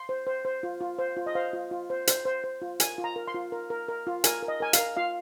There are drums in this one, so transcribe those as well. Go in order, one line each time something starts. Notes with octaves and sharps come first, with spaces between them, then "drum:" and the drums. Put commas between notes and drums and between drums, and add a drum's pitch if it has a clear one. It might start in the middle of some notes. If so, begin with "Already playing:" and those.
Already playing: C6
C5
C5
C5
F4
F4
C5
F4
D#5
C5 F5
F4
F4
C5
C5, drum: hi-hat
C5
C5
F4
A#4 G#5, drum: hi-hat
F4
A#5
A#4
C6
F4
A#4
A#4
A#4
F4
A#4 G#5, drum: hi-hat
A#4
D#5
A#4 G#5
F5, drum: hi-hat
A#4
F4 F5